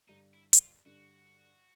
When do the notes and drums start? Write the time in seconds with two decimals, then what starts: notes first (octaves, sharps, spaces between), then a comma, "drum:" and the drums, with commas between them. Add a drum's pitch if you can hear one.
0.08 G2 D3 G3 D#4
0.34 E4
0.53 F#4, drum: hi-hat
0.59 F4
0.86 G2 D3 G3 F#4